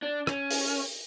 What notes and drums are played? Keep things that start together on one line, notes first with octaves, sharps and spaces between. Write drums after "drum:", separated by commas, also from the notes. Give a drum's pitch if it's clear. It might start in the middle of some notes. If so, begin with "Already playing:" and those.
D4
C#4, drum: rim click
drum: open hi-hat